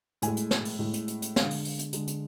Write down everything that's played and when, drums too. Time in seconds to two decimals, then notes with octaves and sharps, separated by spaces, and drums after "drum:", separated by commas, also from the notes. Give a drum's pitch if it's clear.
0.22 A2 G#3 G#5, drum: hi-hat
0.37 drum: hi-hat
0.51 drum: snare
0.65 drum: open hi-hat
0.79 A2 G#3
0.94 drum: hi-hat
1.08 drum: hi-hat
1.22 drum: hi-hat
1.36 D3 G#3 F5, drum: snare
1.50 drum: open hi-hat
1.65 drum: open hi-hat
1.79 drum: hi-hat
1.93 D3 G#3, drum: hi-hat
2.07 drum: hi-hat